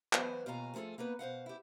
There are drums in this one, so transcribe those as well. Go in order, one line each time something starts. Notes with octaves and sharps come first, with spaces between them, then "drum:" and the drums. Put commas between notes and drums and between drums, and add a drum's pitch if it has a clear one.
E3 F#3 B3 B4 C5, drum: clap
D#2 B2 F4 F5 G#5 A#5
F3 A3 F4 G#4 A4
A#3 B3 D#4 B4
B2 C5 F5 F#5
E4 G4